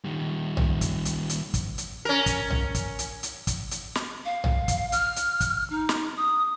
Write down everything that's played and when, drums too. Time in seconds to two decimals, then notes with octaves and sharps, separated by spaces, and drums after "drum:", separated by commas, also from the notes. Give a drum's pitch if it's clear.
0.05 D#3 G3
0.57 drum: tom B1
0.81 drum: kick, hi-hat
1.05 drum: hi-hat
1.29 drum: hi-hat
1.54 drum: kick, hi-hat
1.78 drum: hi-hat
2.05 C#4 A#4
2.26 drum: kick, hi-hat
2.50 drum: tom B1
2.75 drum: kick, hi-hat
2.99 drum: hi-hat
3.23 drum: hi-hat
3.47 drum: kick, hi-hat
3.71 drum: hi-hat
3.95 drum: snare
4.25 F5
4.44 drum: tom B1
4.68 drum: kick, hi-hat
4.92 F6, drum: hi-hat
5.16 drum: hi-hat
5.40 drum: kick, hi-hat
5.70 D#4
5.89 drum: snare
6.17 D#6